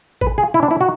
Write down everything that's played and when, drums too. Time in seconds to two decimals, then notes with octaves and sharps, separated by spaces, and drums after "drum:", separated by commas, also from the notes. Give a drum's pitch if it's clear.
0.21 B4, drum: kick G#1
0.38 G#4
0.54 E4
0.63 D4
0.71 E4
0.81 F#4